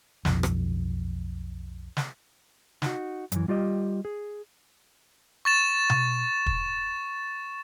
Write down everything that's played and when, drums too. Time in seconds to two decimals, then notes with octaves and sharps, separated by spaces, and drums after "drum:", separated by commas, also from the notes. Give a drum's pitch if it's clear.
0.25 B1 F2, drum: snare
0.43 drum: rim click
1.97 drum: snare
2.82 D#4 F#4, drum: snare
3.32 F#2 E3, drum: hi-hat
3.48 G3 F4 G4 D#5
4.05 G#4
5.45 C#6 A6 E7
5.90 drum: tom B2
6.46 drum: kick